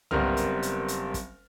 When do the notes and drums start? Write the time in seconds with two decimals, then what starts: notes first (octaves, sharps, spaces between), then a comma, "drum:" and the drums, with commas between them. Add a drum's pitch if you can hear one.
0.11 F#1 G3 B3 C4 A#4 F6, drum: tom C2
0.37 drum: hi-hat
0.63 drum: hi-hat
0.88 drum: hi-hat
1.14 drum: kick, hi-hat